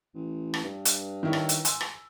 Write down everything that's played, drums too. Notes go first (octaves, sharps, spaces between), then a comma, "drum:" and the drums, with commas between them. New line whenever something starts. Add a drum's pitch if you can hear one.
A1
drum: rim click
G2
drum: hi-hat
D#3 E4 C#5
drum: rim click
drum: hi-hat
G#5 C6 E6, drum: hi-hat
drum: rim click